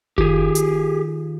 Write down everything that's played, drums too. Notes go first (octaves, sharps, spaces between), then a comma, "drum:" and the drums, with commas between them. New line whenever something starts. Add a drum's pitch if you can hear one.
D#3 F4 G4 G#4, drum: kick F#1
drum: hi-hat